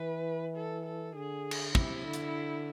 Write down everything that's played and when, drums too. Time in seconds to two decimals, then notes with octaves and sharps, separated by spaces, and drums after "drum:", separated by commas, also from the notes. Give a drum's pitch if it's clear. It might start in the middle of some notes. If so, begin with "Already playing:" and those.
Already playing: E3 B4
0.56 A4
0.86 A4
1.16 D3 G#4
1.51 drum: cymbal
1.75 C3 E4, drum: kick
2.04 D3
2.13 drum: hi-hat